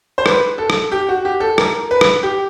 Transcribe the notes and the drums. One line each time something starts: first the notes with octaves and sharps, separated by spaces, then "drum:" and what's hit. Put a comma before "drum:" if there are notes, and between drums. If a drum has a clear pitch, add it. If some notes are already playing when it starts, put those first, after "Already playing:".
C5
B4, drum: rim click
A4
drum: rim click
G4
F#4
G4
A4
A#4, drum: rim click
B4
drum: rim click
G4